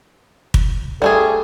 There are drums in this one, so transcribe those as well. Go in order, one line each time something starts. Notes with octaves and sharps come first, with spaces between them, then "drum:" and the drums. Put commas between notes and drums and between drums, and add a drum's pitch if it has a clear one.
drum: kick
G3 A3 G#4 A4